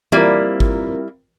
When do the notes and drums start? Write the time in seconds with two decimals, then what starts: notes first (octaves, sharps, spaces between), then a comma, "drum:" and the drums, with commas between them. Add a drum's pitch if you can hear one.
0.12 G3 A#3 C4 E4 F4 A#4, drum: tom E3
0.60 drum: kick G#1